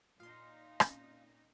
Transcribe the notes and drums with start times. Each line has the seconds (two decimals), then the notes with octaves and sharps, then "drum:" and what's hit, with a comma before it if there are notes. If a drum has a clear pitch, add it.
0.20 A#2 D#4 F4 F5 C6
0.80 C4 C#4, drum: rim click